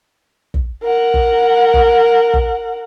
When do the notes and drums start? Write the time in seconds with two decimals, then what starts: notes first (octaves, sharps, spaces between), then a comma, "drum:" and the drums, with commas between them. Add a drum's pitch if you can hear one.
0.54 drum: kick
0.84 A#4 F#5
1.14 drum: kick
1.74 drum: kick
2.34 drum: kick